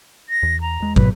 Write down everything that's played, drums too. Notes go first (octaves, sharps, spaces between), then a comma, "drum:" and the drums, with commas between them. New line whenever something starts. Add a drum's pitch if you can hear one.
A#6
E2
A#5
E2 G#3
G#2 B2 F#3 B4, drum: kick